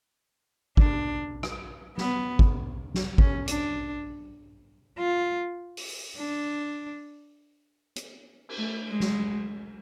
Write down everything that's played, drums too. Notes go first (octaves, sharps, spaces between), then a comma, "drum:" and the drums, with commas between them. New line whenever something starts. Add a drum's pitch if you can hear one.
D4, drum: kick
drum: rim click
B3, drum: snare
drum: kick
drum: snare
C#4, drum: kick
D4, drum: hi-hat
F4
drum: open hi-hat
D4
drum: hi-hat
drum: cymbal
A3
G#3
drum: snare